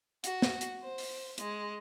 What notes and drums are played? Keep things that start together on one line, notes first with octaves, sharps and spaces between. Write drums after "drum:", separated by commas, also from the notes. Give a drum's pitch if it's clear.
F#4, drum: hi-hat
drum: snare
drum: hi-hat
C5
drum: open hi-hat
G#3, drum: hi-hat